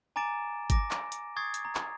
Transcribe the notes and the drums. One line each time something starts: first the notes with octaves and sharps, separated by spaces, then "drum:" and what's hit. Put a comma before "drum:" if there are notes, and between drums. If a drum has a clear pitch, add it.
G#5 A#5 D6 A6 D7 E7
D6 A#6 D7, drum: kick G#1, hi-hat
drum: clap
drum: hi-hat
C#6 D#6 G#6 A6 C7
drum: hi-hat
A#5
drum: clap